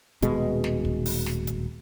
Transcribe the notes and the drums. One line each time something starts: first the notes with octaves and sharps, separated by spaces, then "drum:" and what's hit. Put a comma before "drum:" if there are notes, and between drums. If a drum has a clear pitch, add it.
D#1 B2 G#3, drum: kick, hi-hat
drum: snare
drum: kick
drum: open hi-hat
drum: snare
drum: kick, hi-hat